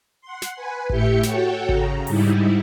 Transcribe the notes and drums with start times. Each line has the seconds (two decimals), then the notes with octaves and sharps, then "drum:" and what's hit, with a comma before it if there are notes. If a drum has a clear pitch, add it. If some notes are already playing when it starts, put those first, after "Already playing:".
0.21 F#5 C6
0.42 drum: snare
0.55 B4 G#5
0.90 A2 G4 E5 G6 C#7, drum: kick G#1
1.23 F#4 A4 C#5 F#5 G5, drum: snare
1.69 C#3 A#5, drum: kick G#1
2.07 G#2 G3 D#4 E4, drum: open hi-hat